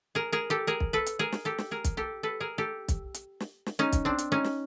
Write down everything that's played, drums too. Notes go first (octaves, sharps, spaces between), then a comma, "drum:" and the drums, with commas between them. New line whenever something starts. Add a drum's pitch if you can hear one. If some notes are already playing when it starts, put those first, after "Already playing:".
G#4 A#4
G#4 A#4
G4 A4
G#4 A#4
drum: kick
A4 B4
drum: hi-hat
G#4 A#4
drum: snare
G4 A4
drum: snare
G#4 A#4
drum: kick, hi-hat
G4 A4
A4 B4
G#4 A#4
G4 A4
drum: kick, hi-hat
drum: hi-hat
drum: snare
drum: snare
C#4 D#4
drum: kick, hi-hat
C4 D4
drum: hi-hat
C#4 D#4
drum: snare